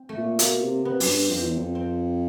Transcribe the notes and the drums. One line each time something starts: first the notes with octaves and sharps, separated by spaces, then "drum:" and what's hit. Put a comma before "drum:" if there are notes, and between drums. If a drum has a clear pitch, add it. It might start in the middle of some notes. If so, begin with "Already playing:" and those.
Already playing: C4
A3
A#2
B2 A#3, drum: hi-hat
C3
C3 B3
F#2, drum: open hi-hat
G2
F2 C4
E2
F2
C4